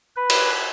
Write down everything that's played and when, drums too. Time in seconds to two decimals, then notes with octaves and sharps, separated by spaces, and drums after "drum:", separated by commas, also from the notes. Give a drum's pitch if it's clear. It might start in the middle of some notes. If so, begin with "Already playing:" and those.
0.16 B4
0.30 drum: cymbal